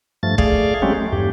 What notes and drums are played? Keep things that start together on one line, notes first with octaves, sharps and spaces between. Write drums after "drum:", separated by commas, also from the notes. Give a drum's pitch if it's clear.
G2 F3 A3 A6
A3 G#4 D5 F5, drum: kick
F#3 G#3 A3 C4 C#4 G4
A3
E2 G2 G4